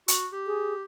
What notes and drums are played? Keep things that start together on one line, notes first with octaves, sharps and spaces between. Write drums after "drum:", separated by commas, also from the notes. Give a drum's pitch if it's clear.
F#4, drum: hi-hat
G4
G#4